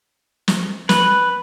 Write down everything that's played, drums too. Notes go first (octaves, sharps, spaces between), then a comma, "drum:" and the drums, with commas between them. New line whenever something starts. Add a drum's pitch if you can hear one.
drum: snare
B4, drum: snare